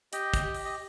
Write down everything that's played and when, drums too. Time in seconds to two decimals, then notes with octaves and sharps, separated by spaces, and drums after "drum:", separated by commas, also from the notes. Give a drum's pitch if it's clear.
0.13 G4 D#5 G5, drum: hi-hat
0.34 drum: kick, hi-hat
0.44 G4
0.54 drum: open hi-hat
0.65 D#5